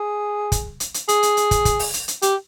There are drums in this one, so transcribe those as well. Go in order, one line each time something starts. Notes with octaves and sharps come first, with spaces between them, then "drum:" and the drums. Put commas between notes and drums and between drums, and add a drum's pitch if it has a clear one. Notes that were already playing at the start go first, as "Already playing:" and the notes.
Already playing: G#4
drum: kick, hi-hat
drum: hi-hat
drum: hi-hat
G#4, drum: hi-hat
drum: hi-hat
drum: hi-hat
drum: kick, hi-hat
drum: kick, hi-hat
drum: open hi-hat
drum: hi-hat
drum: hi-hat
G4, drum: hi-hat